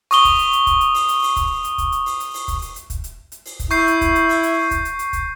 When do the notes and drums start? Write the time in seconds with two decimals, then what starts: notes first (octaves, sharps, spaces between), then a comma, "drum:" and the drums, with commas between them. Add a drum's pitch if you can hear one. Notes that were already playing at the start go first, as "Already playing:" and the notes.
0.11 C#6 D#6 G7, drum: open hi-hat
0.25 drum: kick, hi-hat
0.39 drum: hi-hat
0.53 drum: hi-hat
0.67 drum: kick, hi-hat
0.81 drum: hi-hat
0.95 drum: open hi-hat
1.09 drum: hi-hat
1.22 drum: open hi-hat
1.36 drum: kick, hi-hat
1.64 drum: hi-hat
1.78 drum: kick, hi-hat
1.92 drum: hi-hat
2.06 drum: open hi-hat
2.20 drum: hi-hat
2.34 drum: open hi-hat
2.48 drum: kick, hi-hat
2.62 drum: hi-hat
2.76 drum: hi-hat
2.90 drum: kick, hi-hat
3.04 drum: hi-hat
3.32 drum: hi-hat
3.46 drum: open hi-hat
3.60 drum: kick, hi-hat
3.71 E4 C#6 G6 C7, drum: hi-hat
3.87 drum: hi-hat
4.01 drum: kick, hi-hat
4.15 drum: hi-hat
4.29 drum: open hi-hat
4.43 drum: hi-hat
4.71 drum: kick, hi-hat
4.85 drum: hi-hat
4.99 drum: hi-hat
5.13 drum: kick, hi-hat